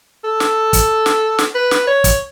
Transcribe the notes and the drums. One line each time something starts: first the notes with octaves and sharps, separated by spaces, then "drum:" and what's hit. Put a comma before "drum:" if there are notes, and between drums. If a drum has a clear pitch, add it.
A4
drum: snare
drum: kick, hi-hat
drum: snare
drum: snare
B4
drum: snare
C#5
drum: kick, hi-hat